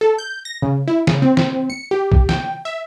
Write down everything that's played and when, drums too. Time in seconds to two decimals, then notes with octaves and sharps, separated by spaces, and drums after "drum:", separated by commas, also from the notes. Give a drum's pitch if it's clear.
0.01 A4
0.18 G6
0.45 A#6
0.62 C#3
0.88 E4
1.07 C#3, drum: snare
1.22 C4
1.37 drum: snare
1.70 C#7
1.91 G4
2.12 drum: kick
2.29 G5, drum: snare
2.65 E5